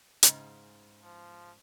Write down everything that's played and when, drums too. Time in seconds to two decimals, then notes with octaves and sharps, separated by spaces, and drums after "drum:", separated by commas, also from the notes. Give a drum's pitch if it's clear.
0.23 G#2 C#3, drum: hi-hat
1.03 F3